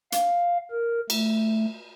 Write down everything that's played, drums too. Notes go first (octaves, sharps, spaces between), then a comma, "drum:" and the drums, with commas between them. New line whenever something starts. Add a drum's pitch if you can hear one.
F5, drum: hi-hat
A#4
A3, drum: cymbal